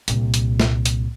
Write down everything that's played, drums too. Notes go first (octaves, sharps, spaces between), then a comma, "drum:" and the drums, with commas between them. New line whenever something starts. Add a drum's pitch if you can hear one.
C2 A#2, drum: hi-hat
drum: hi-hat
drum: snare
drum: hi-hat